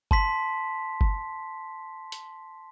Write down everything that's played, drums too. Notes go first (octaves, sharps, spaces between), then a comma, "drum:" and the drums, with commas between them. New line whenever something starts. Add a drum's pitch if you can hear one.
A5 C6 B6, drum: kick G1
drum: kick G1
drum: hi-hat